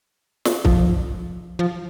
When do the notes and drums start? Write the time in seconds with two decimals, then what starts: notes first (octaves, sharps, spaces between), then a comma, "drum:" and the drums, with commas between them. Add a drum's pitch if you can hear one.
0.45 drum: snare
0.65 F3, drum: kick C2
1.59 F3